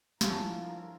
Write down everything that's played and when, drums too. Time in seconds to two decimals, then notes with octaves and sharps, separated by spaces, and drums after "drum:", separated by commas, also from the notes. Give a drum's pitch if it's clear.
0.21 D3 F3 G3 C#4 E4 F4 G4 A#4, drum: snare